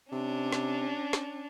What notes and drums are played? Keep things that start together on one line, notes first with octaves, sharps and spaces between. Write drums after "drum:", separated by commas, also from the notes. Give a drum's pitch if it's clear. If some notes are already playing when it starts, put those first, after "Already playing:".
C3 C#4 D4
drum: snare
drum: snare